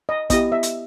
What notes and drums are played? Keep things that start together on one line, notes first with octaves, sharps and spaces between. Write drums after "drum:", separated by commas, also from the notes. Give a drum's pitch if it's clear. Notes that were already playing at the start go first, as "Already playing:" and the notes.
D#5
B3 E4 G4 D#5, drum: kick, hi-hat
E5
drum: hi-hat